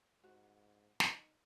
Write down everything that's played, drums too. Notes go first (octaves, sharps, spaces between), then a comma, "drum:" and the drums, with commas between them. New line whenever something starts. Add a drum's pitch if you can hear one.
G#2 F#4
D#4, drum: snare